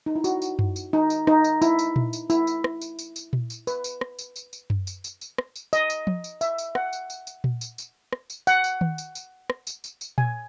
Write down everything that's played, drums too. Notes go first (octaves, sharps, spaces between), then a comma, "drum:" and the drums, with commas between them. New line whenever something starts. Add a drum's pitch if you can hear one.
D#4
E4
F#4, drum: tambourine
drum: tambourine
drum: tom F#2
drum: tambourine
D#4
drum: tambourine
D#4, drum: rim click
drum: tambourine
E4, drum: tambourine
drum: tambourine
drum: tom A#2
drum: tambourine
E4, drum: tambourine
drum: tambourine
drum: rim click
drum: tambourine
drum: tambourine
drum: tambourine
drum: tom A#2
drum: tambourine
B4, drum: tambourine
drum: tambourine
drum: rim click
drum: tambourine
drum: tambourine
drum: tambourine
drum: tom F#2
drum: tambourine
drum: tambourine
drum: tambourine
drum: rim click
drum: tambourine
D#5, drum: tambourine
drum: tambourine
drum: tom F3
drum: tambourine
E5, drum: tambourine
drum: tambourine
F#5, drum: rim click
drum: tambourine
drum: tambourine
drum: tambourine
drum: tom A#2
drum: tambourine
drum: tambourine
drum: rim click
drum: tambourine
F#5, drum: tambourine
drum: tambourine
drum: tom D#3
drum: tambourine
drum: tambourine
drum: rim click
drum: tambourine
drum: tambourine
drum: tambourine
G#5, drum: tom A#2